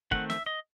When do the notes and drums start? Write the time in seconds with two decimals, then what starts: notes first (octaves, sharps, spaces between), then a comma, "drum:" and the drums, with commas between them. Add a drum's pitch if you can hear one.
0.11 D#3 A3 C4 F#5, drum: kick
0.30 E5, drum: snare
0.46 D#5